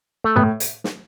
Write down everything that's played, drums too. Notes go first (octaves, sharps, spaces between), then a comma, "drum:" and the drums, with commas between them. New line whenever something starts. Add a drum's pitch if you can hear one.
A3
A2 B3
drum: hi-hat
drum: snare